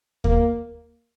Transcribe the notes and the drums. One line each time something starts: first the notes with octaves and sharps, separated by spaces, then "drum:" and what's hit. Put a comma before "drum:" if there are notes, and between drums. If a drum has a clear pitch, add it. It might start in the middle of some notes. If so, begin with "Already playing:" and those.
A#3, drum: kick D#2